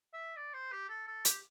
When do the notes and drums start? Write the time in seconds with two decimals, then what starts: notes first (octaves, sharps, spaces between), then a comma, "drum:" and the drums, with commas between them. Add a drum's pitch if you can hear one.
0.13 E5
0.36 D5
0.54 C5
0.72 G4
0.89 A4
1.07 A4
1.25 G4, drum: hi-hat